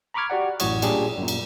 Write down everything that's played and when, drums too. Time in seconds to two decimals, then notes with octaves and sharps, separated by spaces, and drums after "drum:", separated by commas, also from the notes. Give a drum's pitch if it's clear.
0.14 A#5 B5 C#6 D6 F6 G#6
0.30 F#4 G4 D5 F#5
0.60 A1 F#2 A2 F#4 C#5 D#6, drum: cymbal
0.82 A#2 G3 D4 G4 G#4, drum: cymbal
1.18 F#2 A#2
1.28 drum: cymbal